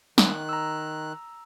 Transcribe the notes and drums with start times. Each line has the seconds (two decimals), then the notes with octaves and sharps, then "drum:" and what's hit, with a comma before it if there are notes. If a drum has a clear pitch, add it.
0.18 D#3 F#6, drum: snare
0.49 A#5 E6